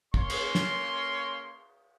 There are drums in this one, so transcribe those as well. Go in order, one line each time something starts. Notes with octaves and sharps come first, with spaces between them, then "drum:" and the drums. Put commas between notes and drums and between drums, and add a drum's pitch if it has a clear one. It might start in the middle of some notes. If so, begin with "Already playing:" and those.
A#3 C#4 C#5 C6, drum: kick
drum: cymbal
drum: snare